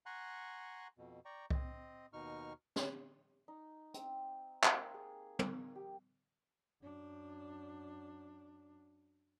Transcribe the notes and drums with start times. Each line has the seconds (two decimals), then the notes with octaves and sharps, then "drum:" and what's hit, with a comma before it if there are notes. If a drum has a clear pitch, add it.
0.06 F#5 G#5 A#5 C6 C#6 F#6
0.98 F2 B2
1.25 D5 G5 A#5 C#6
1.50 C4 D#5, drum: kick C2
2.13 D#2 B2 D#4 C#6 F6
2.76 drum: snare
3.48 D#4
3.94 C4, drum: hi-hat
4.64 A#3, drum: clap
4.94 G#4
5.39 G#5, drum: tom
5.75 G4
6.82 F#2 D4